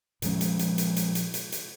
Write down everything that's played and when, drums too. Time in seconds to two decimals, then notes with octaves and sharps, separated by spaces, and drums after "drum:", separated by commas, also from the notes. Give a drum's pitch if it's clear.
0.22 A#2 F3 G#3 C#4, drum: hi-hat
0.41 drum: hi-hat
0.59 drum: hi-hat
0.78 drum: hi-hat
0.96 drum: hi-hat
1.15 drum: hi-hat
1.34 drum: hi-hat
1.52 drum: hi-hat